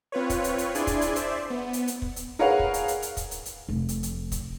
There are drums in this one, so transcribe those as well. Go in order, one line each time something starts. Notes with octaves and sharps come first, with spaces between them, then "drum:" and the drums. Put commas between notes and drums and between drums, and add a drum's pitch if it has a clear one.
C4 F4 B4 C#5
drum: kick, hi-hat
drum: hi-hat
drum: hi-hat
D4 E4 G#4 D5 G#5 C6, drum: hi-hat
drum: kick, hi-hat
drum: hi-hat
C5 D5 E5, drum: hi-hat
B3
drum: hi-hat
drum: hi-hat
drum: kick
drum: hi-hat
G#4 A#4 B4 C#5 F5 F#5
drum: kick
drum: hi-hat
drum: hi-hat
drum: hi-hat
drum: kick, hi-hat
drum: hi-hat
drum: hi-hat
F1
drum: hi-hat
drum: hi-hat
drum: kick, hi-hat